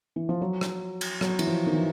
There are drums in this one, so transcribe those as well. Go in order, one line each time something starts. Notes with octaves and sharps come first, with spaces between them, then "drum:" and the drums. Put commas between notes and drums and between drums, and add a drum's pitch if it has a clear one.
E3
F3
F#3
drum: rim click
drum: cymbal
F#3, drum: rim click
E3, drum: cymbal
F3
D#3
E3